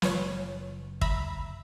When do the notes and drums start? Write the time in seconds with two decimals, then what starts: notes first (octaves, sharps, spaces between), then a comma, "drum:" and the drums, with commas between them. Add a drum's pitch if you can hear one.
0.02 F#1 F4 B4 C#5, drum: snare
1.01 E5 A#5 B5, drum: kick